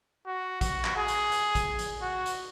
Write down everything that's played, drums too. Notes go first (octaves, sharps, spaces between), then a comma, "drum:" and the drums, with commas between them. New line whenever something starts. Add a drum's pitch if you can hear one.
F#4
F#4, drum: kick A1, hi-hat
drum: clap
G#4
drum: hi-hat
drum: hi-hat
drum: kick A1, hi-hat
drum: hi-hat
F#4
drum: hi-hat